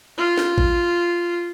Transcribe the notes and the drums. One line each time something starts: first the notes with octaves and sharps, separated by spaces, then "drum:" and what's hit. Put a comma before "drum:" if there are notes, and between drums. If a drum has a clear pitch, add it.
F4
drum: snare
drum: kick